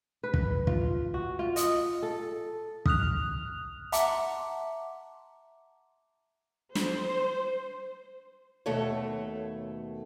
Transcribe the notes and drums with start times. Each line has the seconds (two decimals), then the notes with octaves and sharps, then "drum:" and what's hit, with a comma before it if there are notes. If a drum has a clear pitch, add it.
0.23 B4
0.34 drum: kick
0.67 F4, drum: kick
1.14 F#4
1.39 F4
1.56 D#5, drum: hi-hat
2.02 A4
2.86 D#6 F6 F#6 F7, drum: kick
3.92 E5 F#5 A5 A#5 C6 D6, drum: hi-hat
6.75 C5, drum: snare
8.66 D#2 B2 A3 A4 C#5